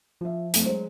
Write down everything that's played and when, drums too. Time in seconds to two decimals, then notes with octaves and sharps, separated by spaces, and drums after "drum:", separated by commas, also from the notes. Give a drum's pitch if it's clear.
0.21 F3 F4 E5
0.54 F2 A3, drum: hi-hat
0.66 F#3 G#3 C5